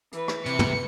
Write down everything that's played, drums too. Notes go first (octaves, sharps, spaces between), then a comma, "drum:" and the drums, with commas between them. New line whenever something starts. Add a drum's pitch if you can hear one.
E3 B4, drum: hi-hat
drum: rim click
C3 C#7, drum: hi-hat
drum: tom